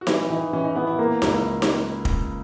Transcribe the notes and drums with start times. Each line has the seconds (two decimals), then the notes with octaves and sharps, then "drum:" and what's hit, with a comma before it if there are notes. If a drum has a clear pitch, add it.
0.01 F#4
0.07 E3 E4, drum: snare D#4
0.30 E3 D#4
0.53 E3 C#4
0.64 D#4
0.76 B3 E4
0.87 E4
0.99 A#3
1.22 C#2, drum: snare D#4
1.62 drum: snare D#4
2.05 drum: kick